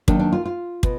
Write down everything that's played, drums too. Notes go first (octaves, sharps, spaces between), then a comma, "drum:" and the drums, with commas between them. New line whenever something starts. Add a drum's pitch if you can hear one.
D#3 F#3 A#3 D4, drum: kick
D4
F4
F4
B2, drum: kick